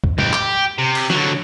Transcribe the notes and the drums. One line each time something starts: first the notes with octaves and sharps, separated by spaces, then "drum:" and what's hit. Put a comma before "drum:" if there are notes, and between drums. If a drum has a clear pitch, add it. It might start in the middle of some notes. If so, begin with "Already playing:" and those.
drum: kick
C#2 G4, drum: tom A2
G4, drum: clap
C3
drum: cymbal
D3 F#3, drum: snare